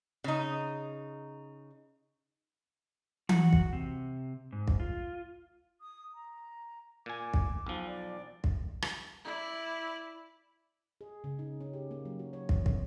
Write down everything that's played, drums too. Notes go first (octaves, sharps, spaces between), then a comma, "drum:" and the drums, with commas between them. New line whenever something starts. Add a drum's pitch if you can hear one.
C#3 D#4
F#4, drum: tom E3
drum: kick
C3
G#2
drum: kick
F4
D#6
A#5
A#2 G#5 D6
drum: kick
B1 F3
D5
drum: kick
drum: rim click
E4 D5
G#4
C#3
D#4
C#4
G4
A#3
F#3
F#4
C#5
E3, drum: kick
C3, drum: kick